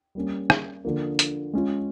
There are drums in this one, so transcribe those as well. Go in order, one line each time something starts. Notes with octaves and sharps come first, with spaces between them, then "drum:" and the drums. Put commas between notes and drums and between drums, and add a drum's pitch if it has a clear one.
G3 A#3 C#4
drum: rim click
D3 F3 A#3
drum: hi-hat
G#3 C#4 F4